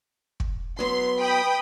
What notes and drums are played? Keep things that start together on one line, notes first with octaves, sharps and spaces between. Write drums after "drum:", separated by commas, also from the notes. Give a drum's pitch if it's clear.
drum: kick
F#3 B3 C6
G5 B5 D#6